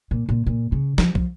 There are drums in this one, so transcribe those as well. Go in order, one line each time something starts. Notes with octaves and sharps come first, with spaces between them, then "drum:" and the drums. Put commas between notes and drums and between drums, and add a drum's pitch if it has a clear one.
A#2
A#2
A#2
C#3
F3, drum: snare
F3, drum: kick